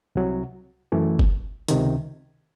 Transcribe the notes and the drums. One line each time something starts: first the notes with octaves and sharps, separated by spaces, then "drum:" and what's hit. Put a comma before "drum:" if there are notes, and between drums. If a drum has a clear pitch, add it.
C2 C3 F#3
F#2 E3 A3
drum: kick F#1
C#2 C3 D#3, drum: hi-hat